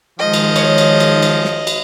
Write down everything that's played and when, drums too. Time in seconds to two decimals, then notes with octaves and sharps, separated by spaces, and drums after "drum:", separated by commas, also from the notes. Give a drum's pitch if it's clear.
0.19 D#3 F3 G#3 D#5
0.33 drum: cymbal
0.56 C#5, drum: cymbal
0.78 drum: cymbal
1.00 drum: cymbal
1.22 drum: cymbal
1.45 drum: snare
1.67 drum: cymbal